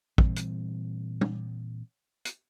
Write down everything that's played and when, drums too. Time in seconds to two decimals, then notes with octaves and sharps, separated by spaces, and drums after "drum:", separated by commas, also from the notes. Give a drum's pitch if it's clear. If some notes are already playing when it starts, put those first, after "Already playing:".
0.18 A#2 E3 G3 C4, drum: kick
0.36 drum: hi-hat
1.21 drum: tom
2.25 drum: hi-hat